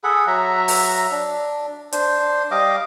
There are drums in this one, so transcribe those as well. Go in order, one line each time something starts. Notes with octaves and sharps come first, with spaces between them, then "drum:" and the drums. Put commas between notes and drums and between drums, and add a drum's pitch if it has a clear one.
G#4 A4 F#5 B5
F#3 E5 A#5
drum: open hi-hat
D4
D4 C5, drum: hi-hat
G3 D#5 F5 D6